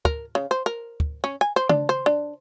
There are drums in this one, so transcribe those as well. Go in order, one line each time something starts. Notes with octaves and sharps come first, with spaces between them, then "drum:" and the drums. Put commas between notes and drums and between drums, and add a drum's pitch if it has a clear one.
A#4, drum: kick
C#3
C5
A#4
drum: kick
C#4
G#5
C5
D4, drum: tom C#3
C5
D4